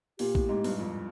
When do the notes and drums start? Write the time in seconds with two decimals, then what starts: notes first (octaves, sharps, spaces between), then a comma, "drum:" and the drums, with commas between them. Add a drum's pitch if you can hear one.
0.19 A#2 G4, drum: open hi-hat
0.35 A2, drum: kick
0.49 G#2
0.64 G2, drum: open hi-hat
0.79 F2